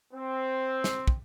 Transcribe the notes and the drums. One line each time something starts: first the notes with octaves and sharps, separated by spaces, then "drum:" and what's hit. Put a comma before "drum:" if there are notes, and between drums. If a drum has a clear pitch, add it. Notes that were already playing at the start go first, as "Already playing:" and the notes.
C4
drum: snare
drum: kick